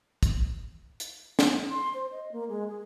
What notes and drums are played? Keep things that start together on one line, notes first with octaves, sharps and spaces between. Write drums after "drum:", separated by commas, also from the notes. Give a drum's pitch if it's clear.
drum: kick, hi-hat
drum: hi-hat
D#4, drum: snare
C6
C5
D#5
A#3
G#3
G#4